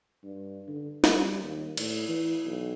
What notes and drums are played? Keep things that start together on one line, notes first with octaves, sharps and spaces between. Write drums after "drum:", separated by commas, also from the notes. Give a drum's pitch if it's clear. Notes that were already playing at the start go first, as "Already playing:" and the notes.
G2
D3
G3, drum: snare
D#2
A2, drum: cymbal
E3
B1